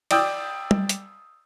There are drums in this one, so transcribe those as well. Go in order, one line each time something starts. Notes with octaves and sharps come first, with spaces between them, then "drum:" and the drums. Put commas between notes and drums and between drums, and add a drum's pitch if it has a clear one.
D5 G5 D#6 E6 G6, drum: cymbal
drum: tom G3
drum: hi-hat